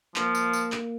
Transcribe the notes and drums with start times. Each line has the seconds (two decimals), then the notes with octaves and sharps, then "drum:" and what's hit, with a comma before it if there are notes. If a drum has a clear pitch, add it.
0.16 F3 A#3, drum: clap
0.35 drum: tambourine
0.53 drum: tambourine
0.72 drum: clap